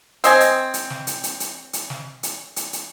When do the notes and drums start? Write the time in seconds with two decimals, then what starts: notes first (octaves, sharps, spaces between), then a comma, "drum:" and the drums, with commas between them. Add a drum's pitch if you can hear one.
0.24 C4 D#5 G#5, drum: hi-hat
0.40 drum: hi-hat
0.74 drum: hi-hat
0.90 drum: snare
1.07 drum: hi-hat
1.23 drum: hi-hat
1.40 drum: hi-hat
1.73 drum: hi-hat
1.90 drum: snare
2.23 drum: hi-hat
2.56 drum: hi-hat
2.73 drum: hi-hat